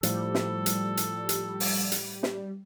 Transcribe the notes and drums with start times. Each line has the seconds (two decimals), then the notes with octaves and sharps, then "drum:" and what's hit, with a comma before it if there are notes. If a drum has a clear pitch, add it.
0.03 A2 F3 G3 A4, drum: hi-hat
0.35 drum: snare
0.66 drum: hi-hat
0.97 drum: hi-hat
1.29 drum: hi-hat
1.60 drum: open hi-hat
1.92 drum: hi-hat
2.23 drum: snare